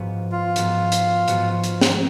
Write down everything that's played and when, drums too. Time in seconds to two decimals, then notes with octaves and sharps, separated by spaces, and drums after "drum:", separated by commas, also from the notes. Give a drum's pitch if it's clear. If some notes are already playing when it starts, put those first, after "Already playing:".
Already playing: G#2 F3 B3 F#4
0.32 F4
0.56 G#2 F3 B3 F#4, drum: hi-hat
0.92 drum: hi-hat
1.28 G#2 F3 B3 F#4, drum: hi-hat
1.64 drum: hi-hat
1.81 drum: snare